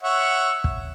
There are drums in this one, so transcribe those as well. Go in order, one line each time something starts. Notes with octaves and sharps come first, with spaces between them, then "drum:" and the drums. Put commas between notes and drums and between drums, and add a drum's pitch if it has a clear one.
C#5 E5 F#5
drum: kick